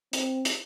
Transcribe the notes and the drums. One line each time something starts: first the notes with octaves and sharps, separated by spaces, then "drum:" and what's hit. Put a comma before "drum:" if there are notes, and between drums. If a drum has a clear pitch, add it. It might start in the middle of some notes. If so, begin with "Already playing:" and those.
C4, drum: hi-hat
drum: hi-hat